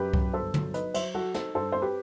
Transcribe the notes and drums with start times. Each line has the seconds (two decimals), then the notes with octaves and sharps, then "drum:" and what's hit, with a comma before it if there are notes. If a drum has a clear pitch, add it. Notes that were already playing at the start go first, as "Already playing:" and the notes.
Already playing: F#2 G4 B4
0.14 F#3, drum: kick C2
0.33 G1 A4 C5
0.54 F#3, drum: tom
0.74 D#4 B4 D#5, drum: hi-hat
0.94 F#3 C5 E5, drum: cymbal
1.14 F#3 F#4 A4
1.34 D#4 A4 C5, drum: snare
1.55 G2 A4 C5
1.72 C4 C5
1.82 G4 B4